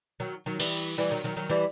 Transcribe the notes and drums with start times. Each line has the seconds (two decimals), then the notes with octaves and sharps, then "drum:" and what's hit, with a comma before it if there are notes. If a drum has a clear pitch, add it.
0.20 D#3 F#3
0.46 D#3 F#3
0.60 E3 G3, drum: cymbal
0.98 E3 G3
1.11 D#3 F#3
1.24 D#3 F#3
1.36 D#3 F#3
1.50 E3 G3